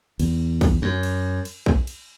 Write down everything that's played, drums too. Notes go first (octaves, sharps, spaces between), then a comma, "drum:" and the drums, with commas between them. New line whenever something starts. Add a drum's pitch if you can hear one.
E2, drum: cymbal
drum: kick, cymbal
F#2
drum: cymbal
drum: cymbal
drum: kick
drum: cymbal